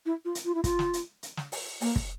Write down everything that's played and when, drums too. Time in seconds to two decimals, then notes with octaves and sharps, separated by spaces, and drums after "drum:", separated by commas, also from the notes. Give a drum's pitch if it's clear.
0.06 E4
0.25 F4
0.35 drum: hi-hat
0.45 F4
0.55 E4
0.64 F4, drum: kick, hi-hat
0.79 drum: snare
0.93 drum: hi-hat
1.23 drum: hi-hat
1.37 drum: snare
1.52 drum: open hi-hat
1.81 A#3, drum: open hi-hat
1.96 drum: kick